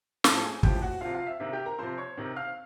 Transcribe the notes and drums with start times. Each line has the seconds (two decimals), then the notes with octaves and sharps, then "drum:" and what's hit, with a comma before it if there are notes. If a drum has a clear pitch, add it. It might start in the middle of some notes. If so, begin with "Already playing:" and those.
0.24 A2 F3 A4 A5, drum: snare
0.44 G#4 G#5
0.57 G#5
0.63 A2 F3 G4 G5, drum: kick
0.82 F#4 F#5
1.01 C3 F3 F4 F5
1.14 F4 F5
1.27 E5
1.40 C3 D#3 E5
1.53 G4 G5
1.66 A#4 A#5
1.78 C3 F3 C5 C6
1.97 C#5 C#6
2.17 C3 D#3
2.36 F5 F6